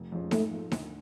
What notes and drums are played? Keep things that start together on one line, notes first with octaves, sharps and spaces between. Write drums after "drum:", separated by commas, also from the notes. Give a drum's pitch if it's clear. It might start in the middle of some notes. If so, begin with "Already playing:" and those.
Already playing: F1
F2 F3 G#3 C#4
G#2 A3, drum: snare D#4
F3 A3
D2, drum: snare D#4